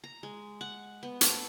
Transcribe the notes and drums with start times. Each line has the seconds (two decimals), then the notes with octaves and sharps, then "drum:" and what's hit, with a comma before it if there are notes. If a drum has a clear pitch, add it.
0.04 A#5
0.23 G#3
0.61 F#5
1.03 B3
1.21 A4, drum: hi-hat